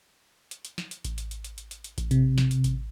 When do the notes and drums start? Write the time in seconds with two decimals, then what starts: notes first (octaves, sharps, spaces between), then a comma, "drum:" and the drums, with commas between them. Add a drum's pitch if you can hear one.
0.51 drum: hi-hat
0.65 drum: hi-hat
0.78 drum: snare
0.91 drum: hi-hat
1.05 drum: kick A1, hi-hat
1.18 drum: hi-hat
1.31 drum: hi-hat
1.44 drum: hi-hat
1.58 drum: hi-hat
1.71 drum: hi-hat
1.84 drum: hi-hat
1.98 drum: kick A1, hi-hat
2.11 C3, drum: hi-hat
2.38 drum: snare
2.51 drum: hi-hat
2.64 drum: kick A1, hi-hat